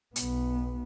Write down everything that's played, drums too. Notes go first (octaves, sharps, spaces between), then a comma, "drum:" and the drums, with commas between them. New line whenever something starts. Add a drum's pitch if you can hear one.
B1 B3, drum: hi-hat